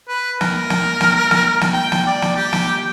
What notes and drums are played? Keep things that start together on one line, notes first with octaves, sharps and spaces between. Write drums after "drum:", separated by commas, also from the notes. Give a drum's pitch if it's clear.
B4
A#4, drum: snare
drum: snare
drum: snare
drum: snare
drum: snare
G5
drum: snare
D5
drum: snare
G4
drum: snare